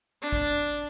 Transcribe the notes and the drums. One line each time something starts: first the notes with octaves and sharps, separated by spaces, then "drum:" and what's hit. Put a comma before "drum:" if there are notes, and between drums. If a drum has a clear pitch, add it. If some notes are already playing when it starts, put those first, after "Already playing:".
D4
drum: kick